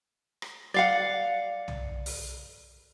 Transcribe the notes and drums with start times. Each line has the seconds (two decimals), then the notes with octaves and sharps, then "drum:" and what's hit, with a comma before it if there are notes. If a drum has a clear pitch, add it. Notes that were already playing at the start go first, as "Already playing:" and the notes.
0.42 drum: rim click
0.74 D5 F5 F#5
1.68 drum: tom
2.06 drum: open hi-hat